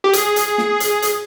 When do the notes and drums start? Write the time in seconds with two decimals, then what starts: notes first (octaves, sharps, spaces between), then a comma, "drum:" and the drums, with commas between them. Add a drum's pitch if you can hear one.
0.04 G4
0.13 G#4, drum: hi-hat
0.36 drum: hi-hat
0.58 drum: snare
0.80 drum: hi-hat
1.02 drum: hi-hat